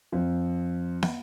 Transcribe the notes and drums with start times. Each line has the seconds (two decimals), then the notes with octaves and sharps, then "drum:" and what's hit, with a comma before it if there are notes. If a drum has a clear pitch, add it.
0.12 F2 F3
1.03 drum: snare